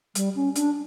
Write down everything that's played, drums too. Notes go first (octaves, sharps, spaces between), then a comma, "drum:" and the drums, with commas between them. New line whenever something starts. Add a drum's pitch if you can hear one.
G3, drum: hi-hat
C#4
D4, drum: hi-hat